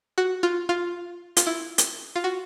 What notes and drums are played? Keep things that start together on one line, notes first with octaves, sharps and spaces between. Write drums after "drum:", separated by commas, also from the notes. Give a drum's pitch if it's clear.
F#4
F4
F4
F4, drum: hi-hat
E4
drum: hi-hat
F4
F#4